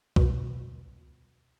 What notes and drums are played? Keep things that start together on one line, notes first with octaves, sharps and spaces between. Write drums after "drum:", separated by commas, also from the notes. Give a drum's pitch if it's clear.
B2, drum: kick C2